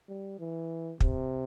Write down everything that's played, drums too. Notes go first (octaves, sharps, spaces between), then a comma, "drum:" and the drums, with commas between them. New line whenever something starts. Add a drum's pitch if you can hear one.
G3
E3
C3, drum: kick